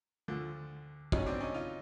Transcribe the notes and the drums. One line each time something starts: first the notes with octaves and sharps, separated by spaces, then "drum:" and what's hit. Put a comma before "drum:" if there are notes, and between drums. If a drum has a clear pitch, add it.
D2 D3 F3
C#2 B2 F#3 C#4 D#4, drum: kick
C4 D4
C#4 D#4
D#4 F4